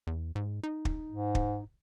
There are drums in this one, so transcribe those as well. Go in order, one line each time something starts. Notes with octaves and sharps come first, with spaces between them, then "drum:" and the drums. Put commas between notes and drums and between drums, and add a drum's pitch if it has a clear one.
E2
G#2
D#4
drum: kick
G#2
drum: kick